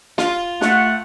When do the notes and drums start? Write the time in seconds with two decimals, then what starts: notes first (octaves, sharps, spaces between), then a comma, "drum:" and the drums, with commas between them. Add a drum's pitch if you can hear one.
0.18 F4, drum: snare
0.61 A3 F#5, drum: snare